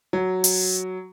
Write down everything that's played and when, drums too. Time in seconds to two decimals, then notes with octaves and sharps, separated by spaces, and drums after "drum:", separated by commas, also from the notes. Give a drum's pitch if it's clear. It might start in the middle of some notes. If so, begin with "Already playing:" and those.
0.13 F#3
0.44 drum: open hi-hat